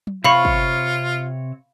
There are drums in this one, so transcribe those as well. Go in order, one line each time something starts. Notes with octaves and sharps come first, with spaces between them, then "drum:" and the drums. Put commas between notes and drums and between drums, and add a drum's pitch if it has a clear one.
drum: tom F#3
C3 C4 F4 C#5 F5 B5 C#6
drum: kick